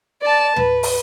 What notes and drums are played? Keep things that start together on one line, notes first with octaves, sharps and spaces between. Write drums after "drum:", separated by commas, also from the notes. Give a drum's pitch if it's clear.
D5 A5
B4, drum: tom
drum: open hi-hat